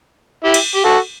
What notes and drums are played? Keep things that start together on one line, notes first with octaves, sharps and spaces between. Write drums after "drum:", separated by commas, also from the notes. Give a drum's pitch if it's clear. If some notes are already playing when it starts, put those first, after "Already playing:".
E4 G4
drum: cymbal
G4
F#4 A4